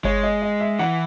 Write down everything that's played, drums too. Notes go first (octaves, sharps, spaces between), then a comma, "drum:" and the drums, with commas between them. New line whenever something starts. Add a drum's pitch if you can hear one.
G#3 C#5, drum: kick G1
D#5
D#5
E5
E3 F#5